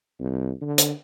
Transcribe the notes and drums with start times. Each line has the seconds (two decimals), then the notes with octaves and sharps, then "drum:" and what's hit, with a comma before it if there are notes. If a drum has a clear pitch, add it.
0.20 C2
0.61 D3
0.78 drum: hi-hat